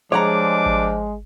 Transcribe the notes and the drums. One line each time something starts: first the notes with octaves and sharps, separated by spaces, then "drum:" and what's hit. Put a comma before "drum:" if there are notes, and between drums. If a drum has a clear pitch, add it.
F3 G3 G#3 D4 C#5 F#5 A#5 D6
drum: kick G#1